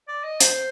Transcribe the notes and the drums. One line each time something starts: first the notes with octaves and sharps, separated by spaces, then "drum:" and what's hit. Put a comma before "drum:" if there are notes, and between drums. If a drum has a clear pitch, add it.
D5
D#5
C5, drum: hi-hat